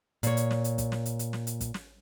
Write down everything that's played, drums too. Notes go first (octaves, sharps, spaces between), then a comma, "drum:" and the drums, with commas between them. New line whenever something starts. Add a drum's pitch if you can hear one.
A#2 C#5, drum: hi-hat
drum: hi-hat
drum: snare
drum: hi-hat
drum: kick, hi-hat
drum: snare
drum: hi-hat
drum: hi-hat
drum: snare
drum: hi-hat
drum: kick, hi-hat
drum: snare